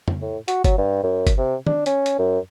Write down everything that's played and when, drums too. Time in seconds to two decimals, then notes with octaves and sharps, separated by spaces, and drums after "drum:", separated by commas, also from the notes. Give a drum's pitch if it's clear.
0.08 drum: tom F2
0.22 A2
0.48 F#4, drum: hi-hat
0.64 F#3, drum: kick G1, hi-hat
0.78 G2
1.04 F#2
1.27 drum: kick G1, hi-hat
1.38 C3
1.67 D4, drum: tom
1.86 C#4, drum: hi-hat
2.06 drum: hi-hat
2.19 F#2